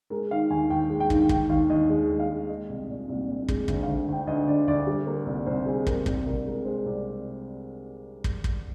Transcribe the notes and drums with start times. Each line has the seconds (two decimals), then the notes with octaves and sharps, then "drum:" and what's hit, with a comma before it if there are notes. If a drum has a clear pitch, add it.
0.10 G#3 A#4
0.31 D#3 F5
0.50 D#2 G#5
0.70 D#2 G5
0.90 G#3
1.00 G5
1.10 D#3, drum: kick
1.29 D#2 G5, drum: kick
1.49 D#2 F5
1.70 D#2 D#5
1.90 G#3 D#5
2.10 D#2
2.19 F5
2.30 G#3
2.49 G#3 D#5
2.69 C2
2.89 A#2
3.09 C2
3.28 A#2
3.49 G#3, drum: kick
3.68 D2, drum: kick
3.83 F5
3.87 D2
4.08 D2 G5
4.27 D2 D#5
4.47 D3 D5
4.67 D2 D5
4.87 G3
5.07 A#3
5.26 C2
5.46 C2 C5
5.66 G3 G#4
5.87 C2 A#4, drum: kick
6.06 C2, drum: kick
6.26 C2 A#4
6.46 G#3 A#4
6.65 G#3 C5
6.86 C2 D5
8.24 drum: kick
8.44 drum: kick